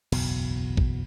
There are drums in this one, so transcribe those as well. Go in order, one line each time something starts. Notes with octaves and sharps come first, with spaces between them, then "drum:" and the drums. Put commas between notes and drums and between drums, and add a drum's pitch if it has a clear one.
F#1 B1 E2 B2, drum: cymbal
drum: kick A1